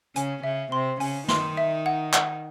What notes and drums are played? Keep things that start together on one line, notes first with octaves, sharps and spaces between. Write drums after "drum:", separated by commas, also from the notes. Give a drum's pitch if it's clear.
C#3 C#4 G#5, drum: hi-hat
C#3 C#4 E5
C3 C4 C6
C#3 C#4 G#5, drum: open hi-hat
D#3 D#4 C6, drum: snare
E5
F#5
F#5, drum: clap